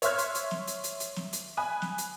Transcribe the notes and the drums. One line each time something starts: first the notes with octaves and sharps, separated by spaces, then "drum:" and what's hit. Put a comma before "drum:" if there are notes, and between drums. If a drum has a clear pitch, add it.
C#5 E5 C6 C#6 F6 G#6, drum: hi-hat
drum: hi-hat
drum: hi-hat
drum: snare
drum: hi-hat
drum: hi-hat
drum: hi-hat
drum: snare
drum: hi-hat
G#5 B5 D#6 F#6
drum: snare
drum: hi-hat